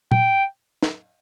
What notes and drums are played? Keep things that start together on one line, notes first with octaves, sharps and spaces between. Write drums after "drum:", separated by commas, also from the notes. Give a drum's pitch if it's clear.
G5, drum: tom
drum: snare